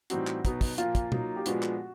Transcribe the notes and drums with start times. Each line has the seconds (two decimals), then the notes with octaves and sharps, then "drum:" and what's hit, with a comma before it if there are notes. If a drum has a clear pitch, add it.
0.10 A2 E3 G3 C4 D#4 F#4, drum: hi-hat
0.27 drum: clap
0.45 B2 F#3 B3 D#4, drum: kick, hi-hat
0.61 drum: kick, open hi-hat
0.78 A#2 F3 A#3 F4, drum: hi-hat
0.95 drum: kick, hi-hat
1.12 F#3 A#3 D#4, drum: tom B2
1.37 G4
1.46 A#2 F3 G#3 B3 D4 F#4, drum: hi-hat
1.63 drum: clap